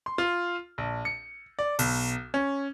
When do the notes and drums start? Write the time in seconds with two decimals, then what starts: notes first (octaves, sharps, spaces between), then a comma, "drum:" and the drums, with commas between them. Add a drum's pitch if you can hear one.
0.06 C6
0.18 F4
0.78 A#1
1.05 C#7
1.59 D5
1.79 B1, drum: open hi-hat
2.34 C#4